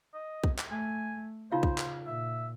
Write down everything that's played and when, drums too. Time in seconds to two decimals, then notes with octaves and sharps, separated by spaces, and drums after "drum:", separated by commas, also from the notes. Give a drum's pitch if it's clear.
0.14 D#5
0.44 drum: kick
0.58 drum: clap
0.71 A3 G#5
1.52 C#3 D#4 F4 C5 F5
1.63 drum: kick
1.78 drum: clap
2.07 A#2 E5